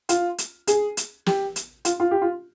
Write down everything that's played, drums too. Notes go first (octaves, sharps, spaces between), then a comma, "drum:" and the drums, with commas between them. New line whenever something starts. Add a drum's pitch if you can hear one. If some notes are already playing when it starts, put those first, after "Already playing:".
F4, drum: hi-hat
drum: hi-hat
G#4, drum: hi-hat
drum: hi-hat
G4, drum: snare
drum: hi-hat
F4, drum: hi-hat
F4
G4
F4